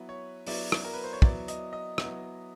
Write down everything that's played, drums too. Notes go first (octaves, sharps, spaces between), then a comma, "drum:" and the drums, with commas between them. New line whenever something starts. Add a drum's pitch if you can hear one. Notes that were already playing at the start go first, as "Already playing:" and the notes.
Already playing: F#3 B3 E4 B4
C#5
F#3 B3 E4 D5, drum: open hi-hat
drum: rim click
A#4
B4
C5
C#5
F#3 B3 E4 D5, drum: kick
D#5, drum: hi-hat
D#5
F#3 B3 E4, drum: rim click